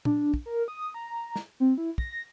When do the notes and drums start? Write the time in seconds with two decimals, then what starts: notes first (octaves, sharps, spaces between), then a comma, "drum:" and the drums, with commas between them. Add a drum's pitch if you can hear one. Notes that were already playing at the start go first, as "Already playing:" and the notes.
0.05 D4, drum: tom A#2
0.34 drum: kick
0.46 A#4
0.68 D#6
0.94 A#5
1.36 drum: snare
1.60 C4
1.78 E4
1.98 A#6, drum: kick